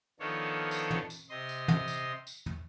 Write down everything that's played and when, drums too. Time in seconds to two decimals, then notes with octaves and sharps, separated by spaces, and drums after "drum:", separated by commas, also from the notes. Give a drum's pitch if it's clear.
0.20 D#3 F3 B3 D4 A4 C#5
0.71 drum: tambourine
0.91 drum: tom
1.10 drum: tambourine
1.29 C3 D#5 C6
1.49 drum: tambourine
1.68 drum: tom
1.88 drum: tambourine
2.27 drum: tambourine
2.46 drum: tom